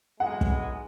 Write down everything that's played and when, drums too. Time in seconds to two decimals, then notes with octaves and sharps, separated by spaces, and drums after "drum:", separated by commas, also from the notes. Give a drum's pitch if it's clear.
0.20 B1 E3 G#3 F#5
0.41 drum: kick